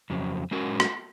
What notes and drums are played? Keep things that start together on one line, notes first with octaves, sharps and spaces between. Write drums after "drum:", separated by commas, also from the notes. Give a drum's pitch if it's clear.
F2 C#3 F#3
G#3 C#4 F#4 A#4
drum: rim click